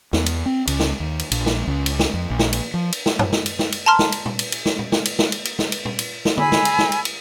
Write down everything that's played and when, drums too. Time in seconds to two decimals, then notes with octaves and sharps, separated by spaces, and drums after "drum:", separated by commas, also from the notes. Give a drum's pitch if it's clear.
0.13 E2, drum: snare
0.26 drum: cymbal
0.46 C4
0.67 C#2, drum: cymbal
0.80 drum: snare
1.00 D#2
1.19 drum: cymbal
1.32 A#1, drum: cymbal
1.46 drum: snare
1.67 C#2
1.86 drum: cymbal
1.99 drum: snare
2.14 F2
2.30 A#1
2.39 drum: snare
2.53 drum: cymbal
2.74 F3
2.93 drum: cymbal
3.06 drum: snare
3.19 drum: tom
3.32 drum: snare
3.46 drum: cymbal
3.59 drum: snare
3.72 drum: cymbal
3.86 A5 A#5 C6 F6
3.99 drum: snare
4.12 drum: cymbal
4.26 drum: tom A#2
4.39 drum: cymbal
4.52 drum: cymbal
4.66 drum: snare
4.79 drum: tom A#2
4.92 drum: snare
5.05 drum: cymbal
5.19 drum: snare
5.32 drum: cymbal
5.45 drum: cymbal
5.59 drum: snare
5.72 drum: cymbal
5.85 drum: tom A#2
5.99 drum: cymbal
6.25 drum: snare
6.38 G#4 G#5 B5 E6, drum: tom
6.52 drum: snare
6.65 drum: cymbal
6.79 drum: snare
6.92 drum: cymbal
7.05 drum: cymbal